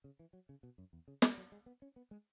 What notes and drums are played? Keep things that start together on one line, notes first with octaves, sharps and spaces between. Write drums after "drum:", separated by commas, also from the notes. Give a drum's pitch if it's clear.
C#3
E3
F#3
C#3
B2
F#2
E2
C#3
E3, drum: snare
F#3
G#3
B3
C#4
B3
G#3